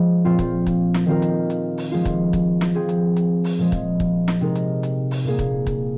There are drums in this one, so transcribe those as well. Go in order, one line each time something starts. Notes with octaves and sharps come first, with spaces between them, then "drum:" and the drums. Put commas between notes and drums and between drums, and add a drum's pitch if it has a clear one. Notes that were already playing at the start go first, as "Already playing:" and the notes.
Already playing: F3 G#3 G#4
A#2 F3 C4 F4
drum: kick, hi-hat
drum: kick, hi-hat
drum: snare
D#3 C4 F4 A#4
drum: hi-hat
drum: hi-hat
drum: open hi-hat
F3 G#3 F4
drum: kick, hi-hat
drum: kick, hi-hat
drum: snare
F3 C4 G#4
drum: hi-hat
drum: hi-hat
drum: open hi-hat
A#2 F3 G#3
drum: kick, hi-hat
drum: kick
drum: snare
C3 G#3 D#4 A#4
drum: hi-hat
drum: hi-hat
drum: open hi-hat
A#2 A#3 G#4
drum: kick, hi-hat
drum: kick, hi-hat